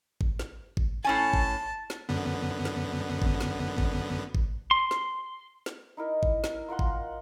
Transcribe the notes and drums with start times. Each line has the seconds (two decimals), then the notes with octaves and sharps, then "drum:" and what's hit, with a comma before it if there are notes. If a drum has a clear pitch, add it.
0.21 drum: kick G#1
0.39 drum: snare
0.77 drum: kick G#1
1.04 A2 C#4 G#5 A5
1.34 drum: kick G#1
1.90 drum: snare
2.09 F#2 D3 B3
2.65 drum: snare
3.22 drum: kick G#1
3.40 drum: snare
3.78 drum: kick G#1
4.35 drum: kick G#1
4.71 C6
4.91 drum: snare
5.66 drum: snare
5.97 D#4 E4 A#4 D#5
6.23 drum: kick G#1
6.44 A#4, drum: snare
6.68 F4 A#4 F#5 C6
6.79 drum: kick G#1